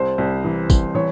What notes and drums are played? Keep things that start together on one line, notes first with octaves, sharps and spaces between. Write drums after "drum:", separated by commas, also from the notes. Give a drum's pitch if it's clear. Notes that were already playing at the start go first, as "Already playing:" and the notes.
Already playing: C2 C5
C2
E3
C2, drum: kick, tambourine
E3 C#5